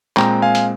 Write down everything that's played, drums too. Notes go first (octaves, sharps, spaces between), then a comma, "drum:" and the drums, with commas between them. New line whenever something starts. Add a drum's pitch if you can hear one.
A#2 G#3 C4 G5 A#5, drum: clap
F5 G#5
drum: hi-hat